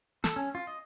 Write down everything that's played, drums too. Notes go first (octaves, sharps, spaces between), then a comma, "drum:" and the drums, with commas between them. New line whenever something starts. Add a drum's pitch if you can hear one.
A4, drum: snare
C#4
F4
D#5